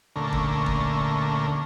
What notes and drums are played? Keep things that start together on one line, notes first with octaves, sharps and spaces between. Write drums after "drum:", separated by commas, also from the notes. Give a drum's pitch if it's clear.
D2 A#2 D3 A3 C#4 A#5
drum: kick
drum: kick